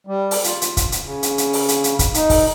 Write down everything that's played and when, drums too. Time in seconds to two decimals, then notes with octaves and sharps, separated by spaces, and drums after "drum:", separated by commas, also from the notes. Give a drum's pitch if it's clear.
0.07 G3
0.31 drum: open hi-hat
0.44 F4, drum: hi-hat
0.62 drum: hi-hat
0.77 drum: kick, hi-hat
0.92 drum: hi-hat
1.04 C#3
1.23 drum: hi-hat
1.38 drum: hi-hat
1.53 drum: open hi-hat
1.69 drum: hi-hat
1.84 drum: hi-hat
1.99 drum: kick, hi-hat
2.14 D#4, drum: hi-hat
2.30 drum: kick, open hi-hat